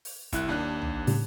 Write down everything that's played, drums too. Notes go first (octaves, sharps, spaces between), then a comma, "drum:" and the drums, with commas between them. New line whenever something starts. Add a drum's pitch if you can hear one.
drum: open hi-hat
C2 E4 F#6, drum: kick, hi-hat
D#2 D4 F#6
drum: tom
A2 C#3 G3, drum: open hi-hat